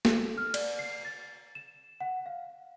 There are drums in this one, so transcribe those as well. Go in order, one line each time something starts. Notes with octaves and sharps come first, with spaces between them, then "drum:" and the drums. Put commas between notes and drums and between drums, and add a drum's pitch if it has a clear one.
A4, drum: snare
F6
D5, drum: cymbal
C7
A6
E7
F#5
F5